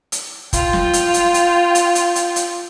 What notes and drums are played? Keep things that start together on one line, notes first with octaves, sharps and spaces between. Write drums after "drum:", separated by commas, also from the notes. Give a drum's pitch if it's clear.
drum: hi-hat
F4 G5, drum: kick F#1, hi-hat
drum: snare
drum: hi-hat
drum: hi-hat
drum: hi-hat
drum: hi-hat
drum: hi-hat
drum: hi-hat
drum: hi-hat